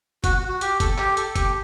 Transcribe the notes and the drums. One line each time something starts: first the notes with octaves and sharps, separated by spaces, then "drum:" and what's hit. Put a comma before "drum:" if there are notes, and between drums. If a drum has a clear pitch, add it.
F#4, drum: kick, hi-hat
F#4
F#4
G4, drum: hi-hat
A4, drum: kick, hi-hat
G4, drum: clap
A4, drum: hi-hat
G4, drum: kick, hi-hat